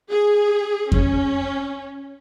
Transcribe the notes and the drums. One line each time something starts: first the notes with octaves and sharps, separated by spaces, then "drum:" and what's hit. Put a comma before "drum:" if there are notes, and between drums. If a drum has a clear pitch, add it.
G#4
C#4, drum: kick F2